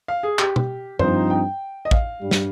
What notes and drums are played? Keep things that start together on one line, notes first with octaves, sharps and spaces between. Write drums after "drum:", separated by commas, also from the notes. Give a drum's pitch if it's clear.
F5
G#4
G4, drum: clap
drum: tom
G2 F3 C4 D#4 C5, drum: tom F#2
G5
D#5
F5, drum: kick
G2 G3
drum: snare